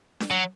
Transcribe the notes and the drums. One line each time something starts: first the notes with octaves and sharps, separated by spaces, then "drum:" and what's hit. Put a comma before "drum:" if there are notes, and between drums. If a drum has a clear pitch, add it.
drum: snare D4
F#3